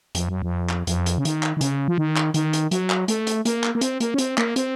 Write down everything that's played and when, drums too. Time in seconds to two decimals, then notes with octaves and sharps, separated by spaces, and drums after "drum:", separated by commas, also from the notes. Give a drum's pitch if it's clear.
0.15 F2, drum: hi-hat
0.29 F#2
0.42 F2
0.69 drum: clap
0.87 F2, drum: hi-hat
1.06 drum: hi-hat
1.18 C#3
1.25 D#3, drum: hi-hat
1.43 drum: clap
1.57 D#3
1.61 C#3, drum: hi-hat
1.88 F3
1.98 D#3
2.16 drum: clap
2.34 D#3, drum: hi-hat
2.53 drum: hi-hat
2.71 F#3, drum: hi-hat
2.90 drum: clap
3.08 A3, drum: hi-hat
3.27 drum: hi-hat
3.45 A#3, drum: hi-hat
3.64 drum: clap
3.75 A#3
3.81 C4, drum: hi-hat
4.00 A#3, drum: hi-hat
4.14 C#4
4.18 C4, drum: hi-hat
4.38 A#3, drum: clap
4.56 C4, drum: hi-hat